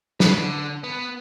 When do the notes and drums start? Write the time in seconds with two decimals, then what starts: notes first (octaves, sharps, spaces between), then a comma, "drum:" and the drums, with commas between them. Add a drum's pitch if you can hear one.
0.20 B4, drum: snare
0.37 D3
0.84 B3